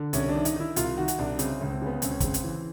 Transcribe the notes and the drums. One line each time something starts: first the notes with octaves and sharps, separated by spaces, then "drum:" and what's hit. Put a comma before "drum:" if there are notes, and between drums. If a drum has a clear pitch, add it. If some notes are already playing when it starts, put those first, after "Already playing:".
Already playing: D3
C2 C#4, drum: hi-hat
D4
D#3
D#4, drum: hi-hat
D#3 E4
C2 F4, drum: hi-hat
D#3 F#4
drum: hi-hat
C2 D4
C#3 C4, drum: hi-hat
C#2
C4
C#3 B3
C#2 C4, drum: hi-hat
C#4
C#3 C4, drum: kick, hi-hat
drum: hi-hat
E3